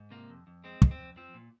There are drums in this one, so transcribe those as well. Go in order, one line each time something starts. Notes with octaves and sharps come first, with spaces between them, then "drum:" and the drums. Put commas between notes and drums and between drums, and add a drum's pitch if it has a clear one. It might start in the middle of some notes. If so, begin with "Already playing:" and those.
Already playing: G#2
C3 A#3
F2
F2
G#3 C4
C3, drum: kick
C4
F2
F3 C4
A#2